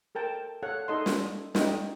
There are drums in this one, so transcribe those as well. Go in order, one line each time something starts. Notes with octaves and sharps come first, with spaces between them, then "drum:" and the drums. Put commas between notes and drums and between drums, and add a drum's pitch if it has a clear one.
A4 A#4 G5 A5
A4 C#5 F5 F#5
D#4 A4 D#5 C6
drum: snare
D#4 E4 D#5 G5, drum: snare